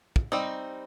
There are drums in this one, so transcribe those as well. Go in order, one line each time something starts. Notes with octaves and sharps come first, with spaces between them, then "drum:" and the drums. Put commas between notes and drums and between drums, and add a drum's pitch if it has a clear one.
drum: kick
G3 C4 D#4